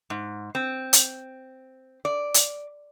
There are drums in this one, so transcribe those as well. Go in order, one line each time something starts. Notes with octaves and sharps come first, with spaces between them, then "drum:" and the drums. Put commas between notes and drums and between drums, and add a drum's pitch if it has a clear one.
G#2
C4
drum: hi-hat
D5
drum: hi-hat